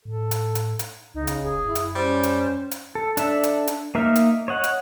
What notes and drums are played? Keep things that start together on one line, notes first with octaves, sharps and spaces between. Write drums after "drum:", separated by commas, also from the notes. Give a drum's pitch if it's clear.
A2 A4
drum: hi-hat
drum: hi-hat
drum: hi-hat
C#2 C#3 D#4
drum: hi-hat
E1 G#4
F#2 E4
drum: hi-hat
G3 C#4 C5
drum: hi-hat
drum: hi-hat
A4
D4 A4 E5, drum: hi-hat
drum: hi-hat
drum: hi-hat
A#3 D#4 A#4 E5 F6
drum: hi-hat
C#5 D#5 F#5
drum: hi-hat